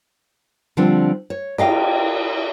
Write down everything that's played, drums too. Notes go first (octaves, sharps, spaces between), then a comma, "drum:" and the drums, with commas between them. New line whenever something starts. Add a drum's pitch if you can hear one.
D3 F3 G3 C4 D4
C#5
G4 D#5 F5 G5, drum: cymbal